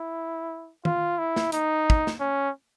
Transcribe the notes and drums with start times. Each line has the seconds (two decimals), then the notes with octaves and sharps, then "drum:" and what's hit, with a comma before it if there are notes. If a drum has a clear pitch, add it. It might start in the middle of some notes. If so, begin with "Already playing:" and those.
Already playing: E4
0.85 F4, drum: tom
1.19 E4
1.36 drum: snare
1.52 D#4, drum: hi-hat
1.90 drum: kick
2.07 drum: snare
2.20 C#4